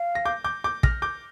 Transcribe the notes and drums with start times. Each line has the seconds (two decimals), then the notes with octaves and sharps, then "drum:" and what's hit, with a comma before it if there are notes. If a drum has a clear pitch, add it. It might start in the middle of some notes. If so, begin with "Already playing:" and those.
Already playing: F5
0.15 A#6
0.25 D6 G6
0.44 D6 G6
0.64 D6 G6
0.83 F6 A#6, drum: kick
1.02 D6 G6